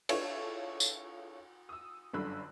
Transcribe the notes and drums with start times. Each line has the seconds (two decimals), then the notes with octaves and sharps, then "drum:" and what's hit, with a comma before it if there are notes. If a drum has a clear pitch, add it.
0.09 D4 E4 F4 G#4 A4 C#5, drum: cymbal
0.80 drum: tambourine
1.69 D#6 E6
2.13 G1 F#2 D3 B5 E6 F#6